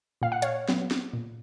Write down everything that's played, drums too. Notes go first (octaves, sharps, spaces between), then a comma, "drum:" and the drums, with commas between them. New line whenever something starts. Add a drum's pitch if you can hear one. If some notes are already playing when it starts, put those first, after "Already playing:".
A#2 F5
F#5
C#5 F5, drum: hi-hat
F#3 B3, drum: snare
drum: snare
A#2